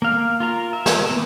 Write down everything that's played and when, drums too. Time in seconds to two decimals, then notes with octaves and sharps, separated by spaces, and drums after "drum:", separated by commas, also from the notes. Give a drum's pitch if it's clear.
0.02 A#3 F5
0.40 F4 A#4 A#5
0.73 E5
0.86 drum: snare
1.09 E3 A#3 B3